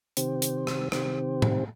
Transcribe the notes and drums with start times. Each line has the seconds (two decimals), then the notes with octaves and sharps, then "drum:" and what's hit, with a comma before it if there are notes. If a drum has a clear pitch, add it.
0.17 C3 D#3 C4 G4 C5, drum: hi-hat
0.42 drum: hi-hat
0.67 drum: rim click
0.92 C3 D#3 C4 G4 C5, drum: rim click
1.42 drum: tom A2